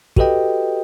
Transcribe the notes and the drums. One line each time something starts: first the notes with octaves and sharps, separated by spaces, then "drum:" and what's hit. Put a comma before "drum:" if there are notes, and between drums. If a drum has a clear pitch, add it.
F#4 G4 A4 B4 D#5 G5, drum: kick